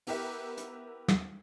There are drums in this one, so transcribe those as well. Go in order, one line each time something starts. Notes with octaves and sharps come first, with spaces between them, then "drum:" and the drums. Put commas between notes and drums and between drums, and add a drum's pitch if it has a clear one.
B3 E4 G4 A#4 B4 E5, drum: open hi-hat
drum: hi-hat
drum: snare